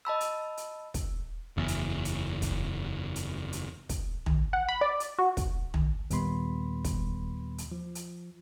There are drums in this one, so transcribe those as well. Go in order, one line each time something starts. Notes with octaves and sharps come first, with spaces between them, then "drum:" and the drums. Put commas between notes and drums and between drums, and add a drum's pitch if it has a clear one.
D#5 A5 B5 E6
drum: hi-hat
drum: hi-hat
drum: kick, hi-hat
F#1 E2
drum: hi-hat
drum: hi-hat
drum: kick, hi-hat
drum: hi-hat
drum: hi-hat
drum: kick, hi-hat
drum: tom
F#5
B5
D5
drum: hi-hat
F#4
drum: kick, hi-hat
drum: tom
D#2 A#2 G3 B3 B5 C6, drum: hi-hat
drum: kick, hi-hat
drum: hi-hat
F3
drum: hi-hat